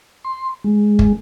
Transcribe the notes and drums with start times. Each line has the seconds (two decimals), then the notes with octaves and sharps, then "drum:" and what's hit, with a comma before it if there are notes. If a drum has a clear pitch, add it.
0.24 C6
0.64 G#3
0.99 drum: kick